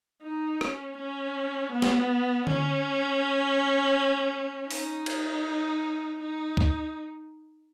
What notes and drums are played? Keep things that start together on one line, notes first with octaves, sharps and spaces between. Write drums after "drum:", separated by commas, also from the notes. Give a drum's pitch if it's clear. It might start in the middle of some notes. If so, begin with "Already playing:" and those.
D#4
C#4, drum: rim click
C#4
B3
drum: snare
C#4, drum: tom D3
D#4, drum: open hi-hat
drum: cymbal
D#4
drum: kick D2